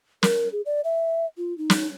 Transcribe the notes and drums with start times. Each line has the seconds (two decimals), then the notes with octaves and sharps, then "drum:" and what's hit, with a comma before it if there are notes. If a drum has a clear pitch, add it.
0.23 A#4, drum: snare
0.52 G#4
0.66 D5
0.84 E5
1.37 F4
1.58 D#4
1.70 drum: snare